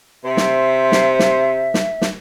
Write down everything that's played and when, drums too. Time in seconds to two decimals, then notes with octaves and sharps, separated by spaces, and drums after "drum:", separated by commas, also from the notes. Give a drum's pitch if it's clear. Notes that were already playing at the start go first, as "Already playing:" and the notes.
0.23 C3 C5 E5
0.37 drum: snare
0.92 drum: snare
1.19 drum: snare
1.74 drum: snare
2.02 drum: snare